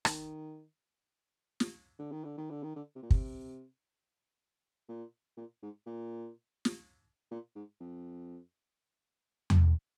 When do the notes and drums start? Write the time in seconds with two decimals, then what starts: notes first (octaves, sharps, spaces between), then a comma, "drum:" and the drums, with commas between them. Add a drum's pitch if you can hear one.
0.05 D#3, drum: rim click
1.60 drum: snare
1.99 D3
2.12 D#3
2.24 D3
2.38 D#3
2.50 D3
2.63 D#3
2.76 D3
2.95 C3
3.02 A#2
3.11 C3, drum: kick
4.89 A#2
5.37 A#2
5.62 G#2
5.86 A#2
6.65 drum: snare
7.31 A#2
7.56 G#2
7.80 F2
9.50 drum: tom E2